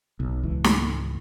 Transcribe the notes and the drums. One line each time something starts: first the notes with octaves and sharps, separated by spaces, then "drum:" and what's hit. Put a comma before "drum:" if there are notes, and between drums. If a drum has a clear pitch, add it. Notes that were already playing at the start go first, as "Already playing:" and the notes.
B1
G#1 C#2 E3
drum: snare